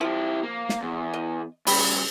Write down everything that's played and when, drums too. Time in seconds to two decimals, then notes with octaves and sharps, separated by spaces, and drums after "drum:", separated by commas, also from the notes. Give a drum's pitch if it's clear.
0.01 F3 E4 G4
0.43 A#3
0.69 drum: snare
0.82 E2
1.14 D#5
1.67 G2 C#3 C4 G4 B5, drum: open hi-hat